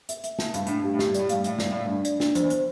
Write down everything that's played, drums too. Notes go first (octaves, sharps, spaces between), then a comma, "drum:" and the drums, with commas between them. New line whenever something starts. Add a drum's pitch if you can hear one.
E5, drum: hi-hat
E5, drum: hi-hat
A5, drum: snare
G2 F5, drum: hi-hat
A2 D4, drum: hi-hat
G2 G4
A2
G4, drum: snare
G2
A2 D5, drum: hi-hat
G2 F5, drum: hi-hat
A2 F5, drum: hi-hat
G2 D5, drum: snare
A2 D5
G2 D4
D5, drum: hi-hat
D4, drum: snare
F2 C5, drum: hi-hat
E2
C5, drum: hi-hat